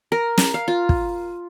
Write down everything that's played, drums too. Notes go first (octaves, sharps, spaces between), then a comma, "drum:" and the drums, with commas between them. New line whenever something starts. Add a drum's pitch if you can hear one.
A#4
drum: snare
F5
F4
drum: kick